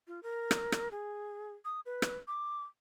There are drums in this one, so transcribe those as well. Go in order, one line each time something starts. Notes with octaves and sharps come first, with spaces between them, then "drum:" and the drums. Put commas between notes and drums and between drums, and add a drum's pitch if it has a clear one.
F4
A#4
drum: rim click
drum: rim click
G#4
D#6
B4
drum: rim click
D6